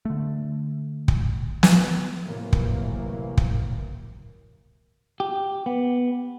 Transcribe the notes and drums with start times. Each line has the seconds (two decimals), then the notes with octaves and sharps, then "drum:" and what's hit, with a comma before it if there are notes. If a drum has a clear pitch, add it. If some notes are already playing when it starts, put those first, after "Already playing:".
0.05 D3 A3
1.08 drum: kick
1.63 drum: snare
2.24 A2 C3 E3 F#3 A#3
2.53 drum: kick
3.37 drum: kick
5.20 G4
5.66 B3